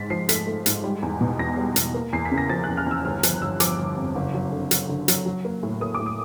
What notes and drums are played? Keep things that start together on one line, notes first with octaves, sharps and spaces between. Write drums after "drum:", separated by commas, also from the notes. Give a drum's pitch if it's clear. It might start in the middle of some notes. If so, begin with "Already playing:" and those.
Already playing: G#2 A6 B6
F3 C7
A3 B6, drum: hi-hat
A3
G#2, drum: hi-hat
G3
E2
B2
E2 A#6
G3
E2, drum: hi-hat
A#3
E2 C7
B6
C#3
A#6
F3 A6
E2 F#6
F6
E2 E6
G1 F6
F3 F#6, drum: hi-hat
G1 E6
F3 D6, drum: hi-hat
G1
F2
F#1
F#3
D3
F#3, drum: hi-hat
D3
F#3, drum: hi-hat
F#3
A#3
A2
A#3 D#6
D6
A2
D#6